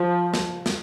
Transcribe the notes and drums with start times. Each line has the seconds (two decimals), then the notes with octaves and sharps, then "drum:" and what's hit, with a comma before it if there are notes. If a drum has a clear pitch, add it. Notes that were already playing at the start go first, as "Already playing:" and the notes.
Already playing: F3
0.34 drum: snare
0.66 drum: snare